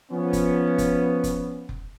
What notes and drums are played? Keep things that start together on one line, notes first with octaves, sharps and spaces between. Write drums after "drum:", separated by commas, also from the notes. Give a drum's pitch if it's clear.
F3 B3 C#4
drum: kick F1, hi-hat
drum: kick F1, hi-hat
drum: kick F1, hi-hat
drum: kick F1